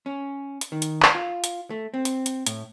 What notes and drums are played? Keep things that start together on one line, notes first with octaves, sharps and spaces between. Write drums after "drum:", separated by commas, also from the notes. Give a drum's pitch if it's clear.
C#4
drum: hi-hat
D#3
drum: hi-hat
drum: clap
F4
drum: hi-hat
A3
C4
drum: hi-hat
drum: hi-hat
A2, drum: hi-hat